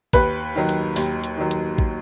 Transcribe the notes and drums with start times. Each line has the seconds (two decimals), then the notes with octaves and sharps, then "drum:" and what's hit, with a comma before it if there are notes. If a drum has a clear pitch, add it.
0.13 D#2 B4, drum: kick, hi-hat
0.55 D#3 F#3
0.69 drum: hi-hat
0.96 D#2, drum: open hi-hat
1.24 drum: hi-hat
1.37 D#3 F#3
1.51 drum: hi-hat
1.78 drum: kick